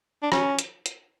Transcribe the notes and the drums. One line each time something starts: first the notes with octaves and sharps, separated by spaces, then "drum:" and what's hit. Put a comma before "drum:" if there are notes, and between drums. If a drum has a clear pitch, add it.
D4
C#4, drum: rim click
drum: hi-hat
drum: hi-hat